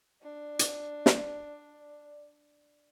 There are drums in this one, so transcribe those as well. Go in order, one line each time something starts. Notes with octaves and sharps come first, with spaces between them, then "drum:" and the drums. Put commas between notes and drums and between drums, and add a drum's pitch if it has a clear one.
D4 D5
drum: hi-hat
drum: snare